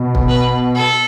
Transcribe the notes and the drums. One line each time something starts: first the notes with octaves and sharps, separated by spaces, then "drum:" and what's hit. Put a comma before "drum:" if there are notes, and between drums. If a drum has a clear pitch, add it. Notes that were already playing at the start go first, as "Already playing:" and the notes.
Already playing: B2
drum: kick
B4
A4